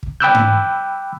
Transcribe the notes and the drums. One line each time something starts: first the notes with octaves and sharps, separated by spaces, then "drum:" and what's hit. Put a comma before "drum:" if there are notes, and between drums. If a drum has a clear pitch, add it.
drum: kick
G5 B5 D6 E6 F#6 G6
drum: tom G#2